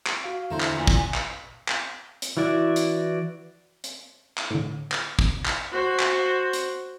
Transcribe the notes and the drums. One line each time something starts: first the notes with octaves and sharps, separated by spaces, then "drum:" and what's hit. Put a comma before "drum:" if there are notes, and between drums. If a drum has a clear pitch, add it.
drum: clap
F#4 F5
E2 D3 A3 E4 C5 A#5
drum: clap
A#2 B3
drum: kick
drum: clap
drum: clap
drum: hi-hat
E3 E4 F#4 D5 E5
drum: hi-hat
drum: hi-hat
drum: clap
A2 D3
drum: clap
drum: kick
drum: clap
F#4 C5
drum: clap
drum: hi-hat